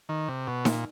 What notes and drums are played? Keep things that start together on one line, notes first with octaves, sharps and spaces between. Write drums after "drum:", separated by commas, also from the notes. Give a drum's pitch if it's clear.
D#3
C3
B2
A#2, drum: snare D#4